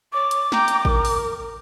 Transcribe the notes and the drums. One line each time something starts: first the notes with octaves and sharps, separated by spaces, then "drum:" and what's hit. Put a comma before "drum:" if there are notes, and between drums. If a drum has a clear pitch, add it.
C#5 D6
drum: hi-hat
G5 A#5, drum: snare
drum: hi-hat
A#4, drum: kick A1
drum: open hi-hat